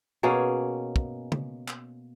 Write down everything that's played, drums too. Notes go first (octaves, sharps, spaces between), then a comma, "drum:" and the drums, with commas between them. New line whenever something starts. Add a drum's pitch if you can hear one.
B2 A#3 C#4 G#4
drum: kick
drum: tom C#3
drum: clap